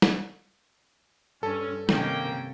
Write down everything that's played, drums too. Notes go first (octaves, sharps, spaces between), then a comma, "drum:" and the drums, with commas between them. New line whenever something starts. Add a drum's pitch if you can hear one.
drum: snare
G2 C#4 A4
C3 D#3 A#3 C#4 G5, drum: snare